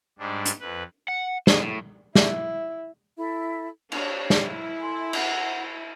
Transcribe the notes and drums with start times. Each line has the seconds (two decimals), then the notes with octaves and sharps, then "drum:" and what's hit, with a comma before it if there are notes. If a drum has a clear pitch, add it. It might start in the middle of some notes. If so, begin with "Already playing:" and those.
0.19 G#2 G3 D4
0.45 drum: hi-hat
0.60 F2 B4
1.08 F#5
1.47 C5 D#5, drum: snare
1.61 A2
2.15 E4, drum: snare
3.17 E4 A4 E5
3.92 D4 G4 C#5 F5, drum: cymbal
4.30 E4, drum: snare
4.81 A4 G#5 C6
5.13 A#4 F#5, drum: cymbal